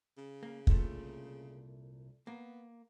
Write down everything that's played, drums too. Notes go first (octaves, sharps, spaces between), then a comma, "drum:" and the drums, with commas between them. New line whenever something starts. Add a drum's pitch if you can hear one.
C#3
A#3
C2 A#2 A3, drum: kick
A#3 B3